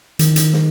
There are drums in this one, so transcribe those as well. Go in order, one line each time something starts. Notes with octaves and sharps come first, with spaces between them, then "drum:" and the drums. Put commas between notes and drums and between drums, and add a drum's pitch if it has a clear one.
D#3, drum: hi-hat
drum: hi-hat
drum: snare